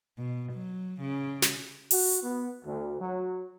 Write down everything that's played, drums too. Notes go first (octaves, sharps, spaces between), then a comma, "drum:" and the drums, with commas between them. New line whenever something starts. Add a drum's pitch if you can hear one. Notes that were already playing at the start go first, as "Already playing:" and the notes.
B2
F#3
C#3
drum: snare
F#4, drum: open hi-hat
B3
D2
F#3